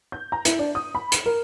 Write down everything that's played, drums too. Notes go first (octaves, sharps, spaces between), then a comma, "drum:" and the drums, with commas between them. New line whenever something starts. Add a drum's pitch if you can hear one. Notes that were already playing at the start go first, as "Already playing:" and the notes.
G6
A#5
E4, drum: hi-hat
D4
D#6
B5
E7, drum: hi-hat
A#4